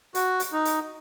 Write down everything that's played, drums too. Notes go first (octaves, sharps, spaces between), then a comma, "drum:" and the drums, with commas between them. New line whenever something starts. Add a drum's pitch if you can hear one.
F#4, drum: hi-hat
drum: hi-hat
D#4
drum: hi-hat